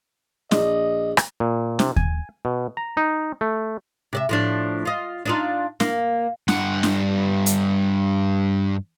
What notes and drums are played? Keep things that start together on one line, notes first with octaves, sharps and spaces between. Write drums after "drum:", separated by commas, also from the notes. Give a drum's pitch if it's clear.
A#1 D#5, drum: snare
drum: rim click
A#2
C3, drum: snare
G#5, drum: kick D#2
B2
A#5
D#4
A3
C3 D5 E5
A2 F3 D4
F4 D#5
D4 D#4 F4
A#3, drum: snare
G2 F#5, drum: snare
drum: snare
drum: hi-hat